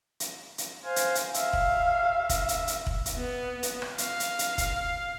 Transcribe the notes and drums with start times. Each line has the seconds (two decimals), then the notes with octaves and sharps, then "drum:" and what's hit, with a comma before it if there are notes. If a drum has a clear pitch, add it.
0.20 drum: hi-hat
0.58 drum: hi-hat
0.84 C5 F5 G#5
0.96 drum: hi-hat
1.15 drum: hi-hat
1.34 E5 F5, drum: hi-hat
1.53 drum: kick
2.29 drum: kick, hi-hat
2.48 drum: hi-hat
2.68 drum: hi-hat
2.87 drum: kick
3.06 drum: hi-hat
3.16 B3
3.63 drum: hi-hat
3.82 drum: rim click
3.98 F5, drum: hi-hat
4.20 drum: hi-hat
4.39 drum: hi-hat
4.58 drum: kick, hi-hat